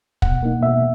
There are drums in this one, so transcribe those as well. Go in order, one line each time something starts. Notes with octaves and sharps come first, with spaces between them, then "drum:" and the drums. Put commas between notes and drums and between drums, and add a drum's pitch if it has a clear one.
B2 F#5, drum: kick
A#3 D#4
B2 E5